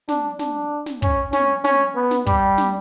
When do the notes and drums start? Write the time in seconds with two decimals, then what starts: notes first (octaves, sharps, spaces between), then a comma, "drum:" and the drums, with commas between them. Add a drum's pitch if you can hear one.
0.08 D4, drum: snare
0.39 D4, drum: snare
0.86 drum: snare
1.02 C#4, drum: kick
1.33 C#4, drum: snare
1.64 C#4, drum: snare
1.95 B3
2.11 drum: snare
2.26 G3, drum: kick
2.58 drum: snare